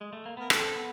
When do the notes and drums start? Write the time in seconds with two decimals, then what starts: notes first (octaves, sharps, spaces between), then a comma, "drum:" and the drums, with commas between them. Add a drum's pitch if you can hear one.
0.00 G#3
0.13 A3
0.26 A#3
0.37 B3 A#4
0.50 C4 A4, drum: rim click
0.76 B3